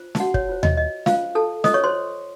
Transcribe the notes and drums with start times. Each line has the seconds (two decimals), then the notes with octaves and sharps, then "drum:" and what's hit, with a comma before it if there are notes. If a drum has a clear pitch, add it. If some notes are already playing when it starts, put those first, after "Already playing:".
Already playing: F4 C5
0.15 A5, drum: snare
0.20 F#4 F#5
0.34 C#5, drum: kick
0.49 F4 C5
0.63 D#5, drum: tom D#2
0.77 D#5
1.06 F4 C5 F5, drum: snare
1.35 A4 A5
1.64 F4 C5 D#5 D#6, drum: snare
1.74 C#5 C#6
1.84 C5 C6